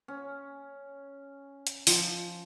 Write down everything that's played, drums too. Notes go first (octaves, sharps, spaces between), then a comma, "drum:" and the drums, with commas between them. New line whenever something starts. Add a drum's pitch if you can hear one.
C#4
drum: hi-hat
F3, drum: open hi-hat